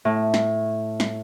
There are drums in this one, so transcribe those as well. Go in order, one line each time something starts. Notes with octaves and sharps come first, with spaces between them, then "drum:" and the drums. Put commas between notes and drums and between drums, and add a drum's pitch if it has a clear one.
A2
drum: snare
drum: snare